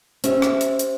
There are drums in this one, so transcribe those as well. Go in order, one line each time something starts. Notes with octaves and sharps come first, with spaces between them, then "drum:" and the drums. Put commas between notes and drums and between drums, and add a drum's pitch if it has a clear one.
C#4 G4 C5 E5, drum: hi-hat
drum: rim click
drum: hi-hat
drum: hi-hat